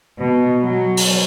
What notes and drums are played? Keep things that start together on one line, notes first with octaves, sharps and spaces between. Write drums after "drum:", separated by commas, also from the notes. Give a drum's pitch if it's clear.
B2
F#3
drum: open hi-hat